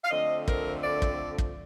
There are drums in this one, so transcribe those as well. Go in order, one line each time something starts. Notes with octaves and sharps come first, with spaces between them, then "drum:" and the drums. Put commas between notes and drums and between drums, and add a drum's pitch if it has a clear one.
F5
D3 F3 A3 C4 D#5
A#4, drum: kick
D5
drum: kick
drum: kick